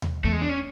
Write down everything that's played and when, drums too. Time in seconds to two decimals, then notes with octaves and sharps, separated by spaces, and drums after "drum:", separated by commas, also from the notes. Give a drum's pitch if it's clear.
0.02 drum: tom D#2
0.24 E2 A3
0.32 G#3
0.42 D4
0.49 C#4